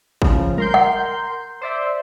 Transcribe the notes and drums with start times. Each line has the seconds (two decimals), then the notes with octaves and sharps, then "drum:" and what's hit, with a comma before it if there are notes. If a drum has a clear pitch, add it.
0.22 C#3 F3, drum: kick
0.58 A#4 C6 G6, drum: tom G3
0.74 F#5
1.61 C5 D5 E5